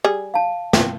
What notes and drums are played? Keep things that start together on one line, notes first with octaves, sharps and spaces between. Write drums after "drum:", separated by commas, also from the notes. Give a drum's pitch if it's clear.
G3 G#4
F5 A5
C4, drum: snare